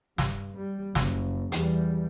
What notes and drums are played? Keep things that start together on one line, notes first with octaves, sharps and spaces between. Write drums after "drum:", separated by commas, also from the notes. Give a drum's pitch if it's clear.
G2, drum: snare
G3
F#1, drum: snare
E2 G3, drum: hi-hat